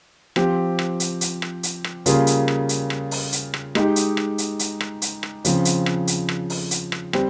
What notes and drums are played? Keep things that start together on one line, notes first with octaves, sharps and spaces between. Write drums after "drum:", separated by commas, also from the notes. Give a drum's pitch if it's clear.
F3 C4 G4, drum: rim click
drum: rim click
drum: hi-hat
drum: hi-hat
drum: rim click
drum: hi-hat
drum: rim click
C#3 G3 A#3 F4 G#4, drum: hi-hat
drum: hi-hat
drum: rim click
drum: hi-hat
drum: rim click
drum: open hi-hat
drum: hi-hat
drum: rim click
G#3 D#4 G4, drum: rim click
drum: hi-hat
drum: rim click
drum: hi-hat
drum: hi-hat
drum: rim click
drum: hi-hat
drum: rim click
C#3 F3 C4, drum: hi-hat
drum: hi-hat
drum: rim click
drum: hi-hat
drum: rim click
drum: open hi-hat
drum: hi-hat
drum: rim click
G3 C4, drum: rim click